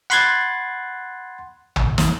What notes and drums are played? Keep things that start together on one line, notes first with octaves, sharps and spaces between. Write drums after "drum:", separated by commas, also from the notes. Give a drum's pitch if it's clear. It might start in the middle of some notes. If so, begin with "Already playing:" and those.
F#5 B5 C6 F#6 G#6 A6
drum: tom
drum: snare